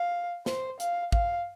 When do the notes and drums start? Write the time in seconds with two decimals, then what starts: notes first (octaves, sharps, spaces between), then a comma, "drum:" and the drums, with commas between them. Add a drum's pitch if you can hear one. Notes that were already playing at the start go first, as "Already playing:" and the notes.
Already playing: F5
0.46 C5, drum: snare
0.80 F5, drum: hi-hat
1.12 F5, drum: kick